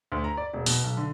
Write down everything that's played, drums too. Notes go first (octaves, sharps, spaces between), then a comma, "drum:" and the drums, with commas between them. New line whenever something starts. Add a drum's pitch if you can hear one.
D2
A#5
D5
E1
B2, drum: open hi-hat
B1
D3